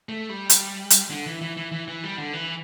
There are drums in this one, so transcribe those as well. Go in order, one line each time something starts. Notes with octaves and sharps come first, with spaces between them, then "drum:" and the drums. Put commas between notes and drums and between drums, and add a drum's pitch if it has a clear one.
A3
G3
drum: hi-hat
drum: hi-hat
D3
E3
E3
E3
E3
E3
G3
D3
E3